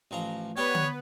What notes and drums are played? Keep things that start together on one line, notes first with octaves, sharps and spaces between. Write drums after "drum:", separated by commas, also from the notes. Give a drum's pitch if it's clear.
A1 F3 A#5
B3 G4 B4 C#5 D5 G5
drum: tom D3